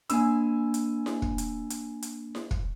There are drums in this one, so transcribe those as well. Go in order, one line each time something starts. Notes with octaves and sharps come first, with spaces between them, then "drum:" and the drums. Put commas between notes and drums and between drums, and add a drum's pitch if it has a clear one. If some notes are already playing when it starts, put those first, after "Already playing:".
A#3 D4 G#5 B5 E6, drum: hi-hat
drum: hi-hat
drum: snare E4
drum: kick
drum: hi-hat
drum: hi-hat
drum: hi-hat
drum: snare E4
drum: kick